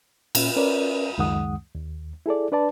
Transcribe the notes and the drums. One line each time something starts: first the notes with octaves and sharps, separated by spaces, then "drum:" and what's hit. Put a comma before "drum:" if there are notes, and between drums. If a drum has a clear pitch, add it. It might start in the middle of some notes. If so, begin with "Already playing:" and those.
A#2 C#4, drum: cymbal
C#4 A#4 B4 D5
C#2 F#2 D#3 G#3 F#5 D#6
D#2
E4 G#4 A4 D5
D4 B4 D5 A5